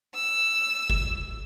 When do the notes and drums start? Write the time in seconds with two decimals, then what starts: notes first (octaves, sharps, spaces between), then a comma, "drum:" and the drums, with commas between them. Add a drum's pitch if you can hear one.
0.14 E6
0.90 drum: kick F1